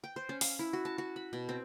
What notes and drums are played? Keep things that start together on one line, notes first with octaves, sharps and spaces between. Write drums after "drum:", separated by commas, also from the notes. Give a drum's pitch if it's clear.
G5
C5
C#4
F5, drum: open hi-hat
E4
F#4
A5
F#4
B5
B2
C4